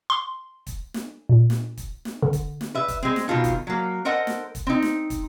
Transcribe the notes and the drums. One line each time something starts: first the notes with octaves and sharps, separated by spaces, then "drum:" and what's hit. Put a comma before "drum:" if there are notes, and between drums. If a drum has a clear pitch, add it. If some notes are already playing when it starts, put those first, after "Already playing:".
C6
drum: kick, hi-hat
drum: snare
A#2
drum: snare
drum: kick, hi-hat
drum: snare
D3
drum: kick, hi-hat
drum: snare
B4 E5
drum: kick, hi-hat
G#3 C4
drum: snare
B2 D#3 F4 A4
drum: kick, hi-hat
F#3 A#3
A4 A#4 C5 D#5 F#5
drum: snare
drum: kick, hi-hat
C4 D#4
drum: snare
drum: kick, hi-hat